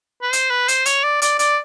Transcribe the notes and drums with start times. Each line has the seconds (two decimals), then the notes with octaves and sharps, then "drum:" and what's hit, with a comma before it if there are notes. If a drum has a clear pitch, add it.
0.22 B4
0.33 C5, drum: hi-hat
0.50 B4
0.68 C5, drum: hi-hat
0.86 C#5, drum: hi-hat
1.04 D5
1.22 D5, drum: hi-hat
1.39 D5, drum: hi-hat